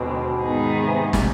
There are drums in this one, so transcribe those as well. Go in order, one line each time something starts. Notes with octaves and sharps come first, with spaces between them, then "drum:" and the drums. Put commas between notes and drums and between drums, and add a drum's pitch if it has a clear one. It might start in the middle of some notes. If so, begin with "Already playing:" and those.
Already playing: D#2 B2 D3 G#3 C4
G#2 D#3 B3 D#4 G#4
C3
drum: snare